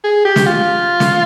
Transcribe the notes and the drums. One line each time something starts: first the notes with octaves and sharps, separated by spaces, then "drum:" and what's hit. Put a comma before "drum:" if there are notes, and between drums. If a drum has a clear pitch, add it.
G#4
G4
drum: snare
F4
drum: snare